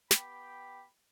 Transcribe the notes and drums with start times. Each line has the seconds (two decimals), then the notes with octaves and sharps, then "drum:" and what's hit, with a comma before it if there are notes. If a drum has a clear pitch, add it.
0.11 B3 G4 G5 B5, drum: snare